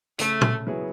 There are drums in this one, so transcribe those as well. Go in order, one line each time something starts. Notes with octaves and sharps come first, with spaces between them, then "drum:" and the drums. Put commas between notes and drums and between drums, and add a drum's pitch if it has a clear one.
C#3 A3, drum: hi-hat
drum: tom
F#3 B3 E4 G#4